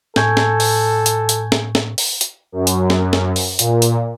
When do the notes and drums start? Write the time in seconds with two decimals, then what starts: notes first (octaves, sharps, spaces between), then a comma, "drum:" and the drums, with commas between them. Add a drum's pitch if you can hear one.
0.16 A2 A4 G#5 C#6 G6 G#6, drum: snare
0.37 drum: snare
0.60 drum: open hi-hat
1.06 drum: hi-hat
1.29 drum: hi-hat
1.52 drum: snare
1.75 drum: snare
1.98 drum: open hi-hat
2.21 drum: hi-hat
2.52 F#2
2.67 drum: hi-hat
2.90 drum: snare
3.13 drum: snare
3.36 drum: open hi-hat
3.59 A#2, drum: hi-hat
3.82 drum: hi-hat